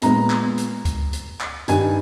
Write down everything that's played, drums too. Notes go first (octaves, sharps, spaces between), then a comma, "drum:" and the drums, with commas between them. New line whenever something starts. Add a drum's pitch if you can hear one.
A#2 G#3 B3 A#5, drum: hi-hat
drum: clap
drum: hi-hat
drum: kick C#2, hi-hat
drum: hi-hat
drum: clap
G2 D#3 G3 G#5, drum: hi-hat